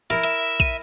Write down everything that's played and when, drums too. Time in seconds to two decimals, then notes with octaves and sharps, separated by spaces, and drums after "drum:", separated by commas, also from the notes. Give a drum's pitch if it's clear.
0.10 E4 A#4
0.24 E5
0.60 D#7, drum: kick A#1